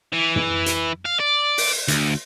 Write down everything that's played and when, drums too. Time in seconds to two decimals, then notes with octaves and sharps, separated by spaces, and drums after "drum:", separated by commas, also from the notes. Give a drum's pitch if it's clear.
0.12 E3
0.36 drum: tom
0.66 drum: hi-hat
1.06 F5
1.20 D5
1.58 drum: open hi-hat
1.88 D2, drum: hi-hat